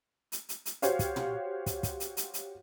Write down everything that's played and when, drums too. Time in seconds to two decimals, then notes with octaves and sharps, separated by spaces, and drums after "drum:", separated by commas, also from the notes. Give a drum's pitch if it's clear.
0.32 drum: hi-hat
0.49 drum: hi-hat
0.66 drum: hi-hat
0.82 F#4 G4 C5 C#5 F5, drum: hi-hat
0.99 drum: kick, hi-hat
1.16 drum: tom
1.66 drum: kick, hi-hat
1.83 drum: kick, hi-hat
2.00 drum: hi-hat
2.17 drum: hi-hat
2.34 drum: hi-hat